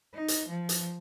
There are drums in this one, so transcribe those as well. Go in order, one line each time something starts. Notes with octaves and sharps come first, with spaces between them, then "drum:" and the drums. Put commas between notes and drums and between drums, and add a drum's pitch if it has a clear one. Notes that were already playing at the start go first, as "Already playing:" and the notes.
D#4
drum: hi-hat
F3
drum: hi-hat